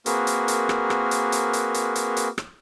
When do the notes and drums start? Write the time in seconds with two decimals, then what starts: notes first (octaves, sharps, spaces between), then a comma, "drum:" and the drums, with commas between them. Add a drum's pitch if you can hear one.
0.06 A#3 C4 F#4 G#4 A#4 B4, drum: hi-hat
0.27 drum: hi-hat
0.48 drum: hi-hat
0.69 drum: rim click
0.90 drum: rim click
1.11 drum: hi-hat
1.32 drum: hi-hat
1.53 drum: hi-hat
1.74 drum: hi-hat
1.95 drum: hi-hat
2.17 drum: hi-hat
2.38 drum: rim click